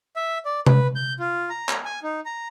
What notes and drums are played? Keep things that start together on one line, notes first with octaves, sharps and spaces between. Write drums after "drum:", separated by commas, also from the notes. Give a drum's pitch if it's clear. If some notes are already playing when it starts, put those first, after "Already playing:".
E5
D5
B4, drum: tom C3
G6
F4
A#5
drum: clap
G#5
D#4
A#5